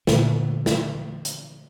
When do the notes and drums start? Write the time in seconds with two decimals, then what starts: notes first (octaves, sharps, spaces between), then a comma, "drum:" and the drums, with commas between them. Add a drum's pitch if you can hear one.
0.07 A#2 D3, drum: snare
0.66 drum: snare
1.25 drum: hi-hat